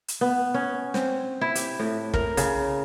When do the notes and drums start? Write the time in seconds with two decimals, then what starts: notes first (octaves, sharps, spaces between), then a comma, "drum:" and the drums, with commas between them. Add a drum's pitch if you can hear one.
0.08 drum: hi-hat
0.21 B3
0.54 C#4
0.94 C4, drum: snare
1.41 E4
1.55 G4, drum: hi-hat
1.80 A2
2.14 A#4, drum: kick
2.37 C#3, drum: hi-hat